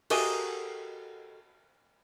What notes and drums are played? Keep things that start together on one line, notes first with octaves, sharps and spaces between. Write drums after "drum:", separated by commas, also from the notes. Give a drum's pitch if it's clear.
F#4 G4 A4 A#4 D#5 G#5, drum: cymbal